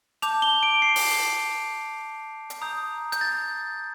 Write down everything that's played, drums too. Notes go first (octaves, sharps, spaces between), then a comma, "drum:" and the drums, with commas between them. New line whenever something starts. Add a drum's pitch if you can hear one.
A5 D6 G6 F7, drum: hi-hat
G7
D7
C7
drum: open hi-hat
drum: hi-hat
A#5 D#6 G6
G6, drum: hi-hat
A6